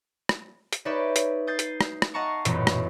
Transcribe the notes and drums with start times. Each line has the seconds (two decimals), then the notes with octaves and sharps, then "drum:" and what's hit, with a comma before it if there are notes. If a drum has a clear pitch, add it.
0.29 drum: rim click
0.73 drum: hi-hat
0.85 D#4 G4 B4 C#5 D5 E5
1.16 drum: hi-hat
1.47 D#6 G6 A6 C7
1.59 drum: hi-hat
1.81 drum: rim click
2.02 drum: rim click
2.14 D#5 F5 F#5 A5 A#5 C#6
2.45 E1 A1 F#2 A#2 B3 F#4, drum: hi-hat
2.67 drum: rim click